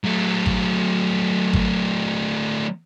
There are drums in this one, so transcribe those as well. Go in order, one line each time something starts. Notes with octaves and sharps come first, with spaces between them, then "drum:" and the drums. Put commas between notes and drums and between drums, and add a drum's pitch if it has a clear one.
F#3 A3
drum: kick G#1
drum: kick G#1